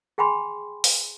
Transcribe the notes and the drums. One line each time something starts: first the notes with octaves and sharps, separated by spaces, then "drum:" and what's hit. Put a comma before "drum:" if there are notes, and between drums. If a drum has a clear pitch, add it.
G#4 G5 G#5 B5 C6
drum: open hi-hat